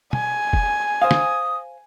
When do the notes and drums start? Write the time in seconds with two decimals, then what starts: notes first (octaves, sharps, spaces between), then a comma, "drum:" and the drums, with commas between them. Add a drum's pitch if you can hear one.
0.13 G#5, drum: tom
0.53 drum: kick
1.02 C5 F5 D#6
1.11 drum: snare